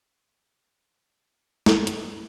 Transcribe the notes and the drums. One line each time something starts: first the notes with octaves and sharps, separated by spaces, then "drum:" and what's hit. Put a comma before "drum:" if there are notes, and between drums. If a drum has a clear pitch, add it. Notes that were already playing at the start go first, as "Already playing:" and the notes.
G2, drum: snare
drum: hi-hat